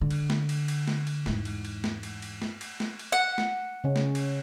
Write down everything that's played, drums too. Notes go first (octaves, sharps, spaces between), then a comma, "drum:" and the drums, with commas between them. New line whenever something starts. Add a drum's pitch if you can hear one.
D3
drum: cymbal
drum: snare
drum: cymbal
drum: cymbal
drum: snare
drum: cymbal
E2 G#2, drum: snare
drum: cymbal
drum: cymbal
drum: snare
drum: cymbal
drum: cymbal
drum: snare
drum: cymbal
drum: snare
drum: cymbal
F#5
drum: snare
C#3 C#4
drum: snare
drum: cymbal